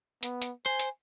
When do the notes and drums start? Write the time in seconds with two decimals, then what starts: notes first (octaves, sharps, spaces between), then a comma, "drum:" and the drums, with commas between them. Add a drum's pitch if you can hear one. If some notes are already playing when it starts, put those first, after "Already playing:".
0.23 B3, drum: hi-hat
0.42 drum: hi-hat
0.66 C5 G#5
0.79 drum: hi-hat